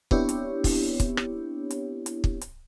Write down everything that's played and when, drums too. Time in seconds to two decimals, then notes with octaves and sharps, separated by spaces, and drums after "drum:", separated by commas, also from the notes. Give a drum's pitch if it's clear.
0.11 B3 C4 D4 E4 G4 C#5, drum: kick
0.29 drum: hi-hat
0.64 drum: kick, open hi-hat
1.00 drum: kick, hi-hat
1.17 drum: rim click
1.71 drum: hi-hat
2.06 drum: hi-hat
2.24 drum: kick
2.41 drum: hi-hat